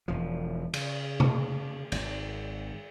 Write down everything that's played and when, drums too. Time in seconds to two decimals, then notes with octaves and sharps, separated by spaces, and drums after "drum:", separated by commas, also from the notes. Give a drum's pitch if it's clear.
0.08 E1 F3
0.74 C#3, drum: cymbal
1.20 drum: tom C3
1.92 G#1 G#2, drum: cymbal